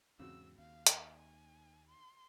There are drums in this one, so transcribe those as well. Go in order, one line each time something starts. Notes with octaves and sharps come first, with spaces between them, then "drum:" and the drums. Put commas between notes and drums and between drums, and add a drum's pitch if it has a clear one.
E2 G#2 C#3 C4 F#4 E6
D#2 F5
drum: hi-hat
G#5
C6